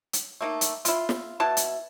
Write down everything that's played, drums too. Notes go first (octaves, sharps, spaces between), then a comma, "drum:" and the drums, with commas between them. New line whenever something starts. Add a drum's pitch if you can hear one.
drum: hi-hat
A3 A#3 D#4
drum: hi-hat
E4 F4, drum: hi-hat
drum: snare
B2 E4 A5
drum: hi-hat